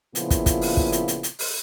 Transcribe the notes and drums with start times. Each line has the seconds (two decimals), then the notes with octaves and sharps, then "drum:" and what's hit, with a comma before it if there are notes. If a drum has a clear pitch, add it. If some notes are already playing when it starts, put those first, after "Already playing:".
0.15 A#2 C#3 F3 B3 E4 F4, drum: hi-hat
0.30 drum: kick, hi-hat
0.46 drum: kick, hi-hat
0.61 drum: open hi-hat
0.77 drum: kick
0.92 drum: hi-hat
1.08 drum: hi-hat
1.23 drum: hi-hat
1.39 drum: open hi-hat